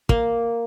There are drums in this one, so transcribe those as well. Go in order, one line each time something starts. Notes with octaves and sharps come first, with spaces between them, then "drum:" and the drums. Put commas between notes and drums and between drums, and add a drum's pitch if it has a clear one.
A#3, drum: kick